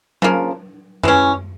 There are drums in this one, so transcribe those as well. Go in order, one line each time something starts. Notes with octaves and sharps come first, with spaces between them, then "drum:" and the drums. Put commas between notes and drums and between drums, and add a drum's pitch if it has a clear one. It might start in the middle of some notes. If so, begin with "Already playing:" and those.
C#3 F3 A#3, drum: tom F#3
E3 G#3 C#4, drum: tom F#2